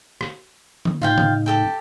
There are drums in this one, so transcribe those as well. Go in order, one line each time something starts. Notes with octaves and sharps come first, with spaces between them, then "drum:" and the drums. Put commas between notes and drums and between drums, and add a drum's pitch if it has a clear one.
drum: rim click
drum: tom D3
A2 C#3 D#4 F4 F5 G5
drum: tom C#3
G4 A4 G5